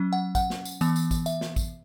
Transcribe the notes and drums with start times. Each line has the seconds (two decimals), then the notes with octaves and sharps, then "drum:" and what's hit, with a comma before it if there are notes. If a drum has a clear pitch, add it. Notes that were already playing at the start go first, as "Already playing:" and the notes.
Already playing: F#3 C#4
0.13 F#5
0.35 F#5, drum: kick, tambourine
0.50 drum: snare
0.65 drum: tambourine
0.81 E3 B3, drum: tambourine
0.96 drum: tambourine
1.11 drum: kick, tambourine
1.26 E5, drum: tambourine
1.41 drum: snare
1.56 drum: kick, tambourine